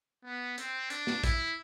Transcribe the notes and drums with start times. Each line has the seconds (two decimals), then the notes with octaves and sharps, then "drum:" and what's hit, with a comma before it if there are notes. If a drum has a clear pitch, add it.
0.24 B3
0.58 C4, drum: hi-hat
0.90 D4, drum: hi-hat
1.07 drum: snare
1.24 E4, drum: kick, hi-hat